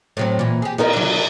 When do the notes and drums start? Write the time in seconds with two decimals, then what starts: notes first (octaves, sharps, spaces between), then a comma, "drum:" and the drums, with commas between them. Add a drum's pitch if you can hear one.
0.17 A2 F#3 C4
0.39 A#2 E3
0.62 G4 G#4
0.78 B3 D#4 A#4, drum: cymbal
0.93 F#3 D4
1.03 drum: tom